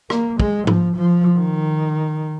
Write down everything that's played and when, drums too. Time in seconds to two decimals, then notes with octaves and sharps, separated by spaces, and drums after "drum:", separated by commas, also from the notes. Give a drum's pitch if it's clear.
0.10 A#3, drum: rim click
0.40 G#3, drum: kick
0.67 F3, drum: tom G#2
0.96 F3
1.38 D#3